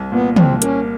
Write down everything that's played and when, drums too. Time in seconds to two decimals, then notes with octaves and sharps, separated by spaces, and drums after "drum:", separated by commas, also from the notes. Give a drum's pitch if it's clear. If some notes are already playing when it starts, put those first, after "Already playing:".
Already playing: C2
0.12 A#2 B3
0.36 C2 C4, drum: tom
0.62 A#3 C#4, drum: hi-hat